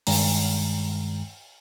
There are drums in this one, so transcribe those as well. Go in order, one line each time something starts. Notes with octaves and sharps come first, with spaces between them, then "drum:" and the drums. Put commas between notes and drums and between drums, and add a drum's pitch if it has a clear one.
G2 D#3 G#3 A#5, drum: open hi-hat